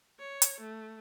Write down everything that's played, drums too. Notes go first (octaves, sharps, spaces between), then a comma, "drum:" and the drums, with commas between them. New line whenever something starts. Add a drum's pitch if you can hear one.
C#5
drum: hi-hat
A3